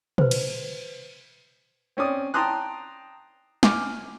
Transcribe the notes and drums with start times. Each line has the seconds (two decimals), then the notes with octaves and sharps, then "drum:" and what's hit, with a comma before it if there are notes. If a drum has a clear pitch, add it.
0.18 B4 C5, drum: tom
0.31 drum: cymbal
1.97 C4 C#4 D5 D#6
2.34 G5 A5 A#5 C6 D#6 F#6
3.63 G#5 D6 F6, drum: snare